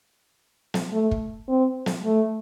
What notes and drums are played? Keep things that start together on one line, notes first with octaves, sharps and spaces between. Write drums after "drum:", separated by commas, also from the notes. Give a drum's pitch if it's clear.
drum: snare
A3
drum: kick
C4
drum: snare
A3